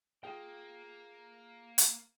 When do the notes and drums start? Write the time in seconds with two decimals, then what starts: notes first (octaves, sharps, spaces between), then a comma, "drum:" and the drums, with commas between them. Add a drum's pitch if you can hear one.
0.24 A#3 F4 G#4 G5
1.78 drum: hi-hat